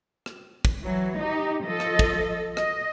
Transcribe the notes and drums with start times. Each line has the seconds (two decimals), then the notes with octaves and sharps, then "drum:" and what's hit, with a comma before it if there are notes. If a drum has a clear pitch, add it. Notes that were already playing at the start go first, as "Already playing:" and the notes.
0.26 drum: rim click
0.65 drum: kick
0.82 E3 F#3
1.18 D#4 G4
1.65 F3 A4 D#5
1.80 drum: rim click
1.99 drum: kick
2.57 D#5, drum: rim click